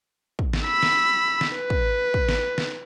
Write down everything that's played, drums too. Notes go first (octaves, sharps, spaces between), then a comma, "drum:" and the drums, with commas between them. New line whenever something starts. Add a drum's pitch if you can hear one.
drum: kick
drum: snare
B5 E6
drum: snare
drum: snare
B4
drum: kick
drum: kick
drum: snare
drum: snare